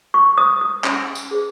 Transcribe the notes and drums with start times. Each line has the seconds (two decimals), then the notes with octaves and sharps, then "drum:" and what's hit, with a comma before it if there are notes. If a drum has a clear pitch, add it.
0.14 C#6
0.38 C5 D#6
0.61 D#6
0.84 C#4, drum: clap
1.15 drum: tambourine
1.31 G#4 C5